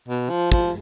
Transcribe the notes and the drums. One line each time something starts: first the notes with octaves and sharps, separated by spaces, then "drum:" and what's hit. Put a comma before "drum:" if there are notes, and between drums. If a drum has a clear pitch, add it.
B2
F3
F3, drum: kick